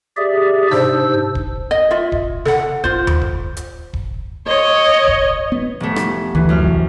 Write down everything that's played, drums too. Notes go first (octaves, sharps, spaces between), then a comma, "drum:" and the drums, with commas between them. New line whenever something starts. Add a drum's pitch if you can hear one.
G4 G#4 D5 E5
G#2 C3 D4 C5 E6, drum: snare
drum: kick D#1
D#5
F4 E5
drum: kick D#1
A4 F#5, drum: snare
F4 C5, drum: kick D#1
drum: tom D#2
drum: kick D#1
drum: hi-hat
drum: kick D#1
C#5 D#5
drum: kick D#1
B3
F1 A3
drum: rim click
D2 E3
F#2 F6
C2